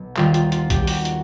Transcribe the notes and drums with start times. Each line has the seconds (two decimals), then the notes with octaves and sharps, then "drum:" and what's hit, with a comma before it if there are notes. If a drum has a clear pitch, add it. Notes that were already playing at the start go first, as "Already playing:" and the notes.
Already playing: B1 B2
0.17 D#2 D#3 G3 F4, drum: clap
0.34 F4, drum: hi-hat
0.52 F4, drum: hi-hat
0.70 G4, drum: kick, hi-hat
0.82 G4
0.87 F#4, drum: open hi-hat
1.05 drum: hi-hat